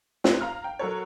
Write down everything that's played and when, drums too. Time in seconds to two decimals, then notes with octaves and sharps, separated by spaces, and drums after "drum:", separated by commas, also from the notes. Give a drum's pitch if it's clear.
0.24 C4 E4 F4 G4 B4 C#5, drum: snare
0.41 F5 A#5 F6
0.64 G5
0.79 F#3 F#4 A4 A#4 C#5